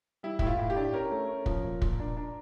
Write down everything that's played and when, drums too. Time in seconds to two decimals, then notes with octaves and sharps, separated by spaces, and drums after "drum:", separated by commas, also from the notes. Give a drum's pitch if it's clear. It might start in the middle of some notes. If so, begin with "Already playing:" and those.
0.23 G3 E4
0.39 A2 E4, drum: kick
0.47 F4
0.58 A2
0.70 G4
0.76 D4
0.93 C#4 A#4
1.11 A3
1.29 C#4
1.46 F3, drum: kick
1.64 A#2
1.82 A#2, drum: kick
1.99 D4
2.17 D4